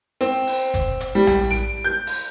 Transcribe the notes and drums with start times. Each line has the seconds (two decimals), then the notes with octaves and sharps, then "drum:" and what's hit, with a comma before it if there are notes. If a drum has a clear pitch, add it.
0.21 C4, drum: hi-hat
0.47 drum: open hi-hat
0.74 drum: kick, hi-hat
1.00 drum: hi-hat
1.15 G3
1.27 drum: tom A#1
1.51 D7
1.84 G6
2.07 drum: open hi-hat